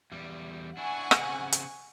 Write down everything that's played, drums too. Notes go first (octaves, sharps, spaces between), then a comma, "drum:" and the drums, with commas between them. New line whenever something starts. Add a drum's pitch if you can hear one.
E2 G3
D4 E4 F#5 G#5 C#6
C#3 C4, drum: rim click
drum: hi-hat